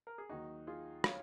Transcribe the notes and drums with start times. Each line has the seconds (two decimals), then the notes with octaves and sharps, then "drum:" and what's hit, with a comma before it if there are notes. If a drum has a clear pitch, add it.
0.07 A#4
0.18 G#4
0.29 D#2 D#3 F#3 D#4 F#4
0.67 F4 G#4
1.04 C#5 F5, drum: rim click